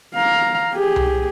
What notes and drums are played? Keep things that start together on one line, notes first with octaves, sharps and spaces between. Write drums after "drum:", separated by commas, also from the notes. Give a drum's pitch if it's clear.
F5 A#5
G4 G#4
drum: tom C2